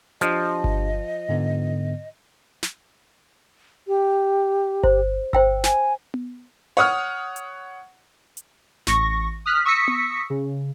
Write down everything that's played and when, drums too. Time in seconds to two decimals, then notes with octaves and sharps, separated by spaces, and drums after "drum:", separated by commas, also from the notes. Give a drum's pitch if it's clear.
0.21 F3 D4 G4 C5 D#5, drum: hi-hat
0.64 drum: kick G1
1.29 G#2 D3 B3
2.63 drum: snare
3.88 G4
4.83 C5, drum: kick G1
5.33 C5 G5 E6, drum: kick G1
5.64 G#5, drum: snare
6.14 drum: tom B3
6.77 C#5 F#5 D#6 F6
7.36 drum: hi-hat
8.37 drum: hi-hat
8.87 A1 C#6 A#6, drum: snare
9.46 D#6 F6 F#6 B6
9.65 C#6 D#6 E6 A#6 B6 C#7
9.88 drum: tom B3
10.30 C#3